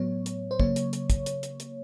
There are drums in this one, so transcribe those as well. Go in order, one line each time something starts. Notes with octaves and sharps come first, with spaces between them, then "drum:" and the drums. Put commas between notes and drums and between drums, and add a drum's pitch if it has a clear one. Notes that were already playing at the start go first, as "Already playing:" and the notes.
Already playing: A2 F#3 B3 C#5
drum: hi-hat
C5
C#3 F#3 A#3 C#5, drum: kick
drum: hi-hat
drum: hi-hat
drum: kick, hi-hat
drum: hi-hat
drum: hi-hat
drum: hi-hat